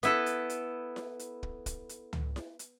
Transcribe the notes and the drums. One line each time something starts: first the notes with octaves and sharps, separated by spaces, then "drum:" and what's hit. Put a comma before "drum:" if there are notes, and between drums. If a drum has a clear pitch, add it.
B3 E4 A4, drum: hi-hat
drum: hi-hat
drum: hi-hat
drum: snare E4
drum: hi-hat
drum: kick
drum: kick, hi-hat
drum: hi-hat
drum: tom C#2
drum: snare E4
drum: hi-hat